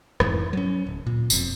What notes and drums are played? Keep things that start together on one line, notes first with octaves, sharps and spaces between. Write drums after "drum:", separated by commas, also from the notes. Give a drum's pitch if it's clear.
F1 F2 G#2 E3, drum: rim click
F#3 C#4
D1
A#2
E1 F2, drum: tambourine